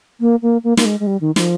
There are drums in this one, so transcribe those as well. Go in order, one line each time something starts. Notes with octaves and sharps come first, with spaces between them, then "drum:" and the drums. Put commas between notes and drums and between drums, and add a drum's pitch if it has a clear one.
A#3
A#3
A#3
A#3, drum: snare
G#3
G#3
G3
D#3
F3, drum: snare